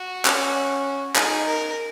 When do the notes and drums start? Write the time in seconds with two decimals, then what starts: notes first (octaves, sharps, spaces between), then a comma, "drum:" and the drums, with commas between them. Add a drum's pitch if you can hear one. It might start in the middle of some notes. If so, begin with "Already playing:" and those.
Already playing: F#4
0.25 C#4, drum: clap
1.16 D#4 G#4, drum: clap
1.46 A#4